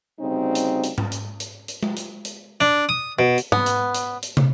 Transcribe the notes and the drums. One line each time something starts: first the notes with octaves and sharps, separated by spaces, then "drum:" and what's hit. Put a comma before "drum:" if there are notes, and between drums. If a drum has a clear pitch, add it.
D2 C#3 G3 C4 D#4
drum: hi-hat
drum: hi-hat
drum: tom G#2
drum: hi-hat
drum: hi-hat
drum: hi-hat
drum: tom G#3
drum: hi-hat
drum: hi-hat
D4
D#6
B2
drum: hi-hat
B3, drum: tom G#2
drum: hi-hat
drum: hi-hat
drum: hi-hat
drum: tom